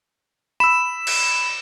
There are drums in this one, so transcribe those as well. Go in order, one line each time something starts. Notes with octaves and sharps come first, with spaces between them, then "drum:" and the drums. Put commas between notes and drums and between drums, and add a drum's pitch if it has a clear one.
B5 E6 E7
drum: cymbal